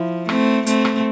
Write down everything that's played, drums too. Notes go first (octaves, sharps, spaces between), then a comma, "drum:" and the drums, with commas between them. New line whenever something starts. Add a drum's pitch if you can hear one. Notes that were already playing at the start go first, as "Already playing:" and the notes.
Already playing: F3 E4
A3 C4, drum: rim click
A3 C4, drum: hi-hat
drum: rim click